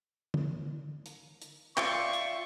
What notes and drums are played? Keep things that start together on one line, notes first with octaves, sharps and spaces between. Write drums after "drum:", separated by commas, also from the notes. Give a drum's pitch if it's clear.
drum: tom
drum: hi-hat
drum: hi-hat
F4 D5 E5 G5 C#6, drum: clap
drum: hi-hat